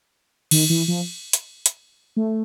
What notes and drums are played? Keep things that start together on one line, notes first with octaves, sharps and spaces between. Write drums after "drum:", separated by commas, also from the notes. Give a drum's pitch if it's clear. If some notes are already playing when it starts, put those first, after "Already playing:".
D#3, drum: cymbal
E3
F3
drum: hi-hat
drum: hi-hat
A3